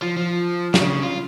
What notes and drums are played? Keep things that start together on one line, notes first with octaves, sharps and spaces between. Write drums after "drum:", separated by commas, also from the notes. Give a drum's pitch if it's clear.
F3
F3
C#3, drum: snare
F4